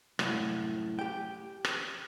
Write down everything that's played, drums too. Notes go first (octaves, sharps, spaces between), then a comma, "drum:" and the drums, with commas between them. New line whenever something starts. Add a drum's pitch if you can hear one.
C2 F#2 A2, drum: rim click
G4 G5
drum: rim click